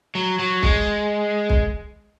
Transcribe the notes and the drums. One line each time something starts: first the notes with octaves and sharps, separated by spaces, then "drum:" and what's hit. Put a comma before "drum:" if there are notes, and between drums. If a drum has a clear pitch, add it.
F#3
F#3
G#3, drum: kick
drum: kick